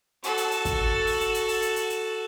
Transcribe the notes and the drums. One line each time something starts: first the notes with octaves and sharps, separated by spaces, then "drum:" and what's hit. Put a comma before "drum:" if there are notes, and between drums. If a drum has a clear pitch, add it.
F#4 A4, drum: hi-hat
drum: hi-hat
drum: hi-hat
drum: kick, hi-hat
drum: open hi-hat
drum: hi-hat
drum: hi-hat
drum: open hi-hat
drum: hi-hat
drum: hi-hat
drum: hi-hat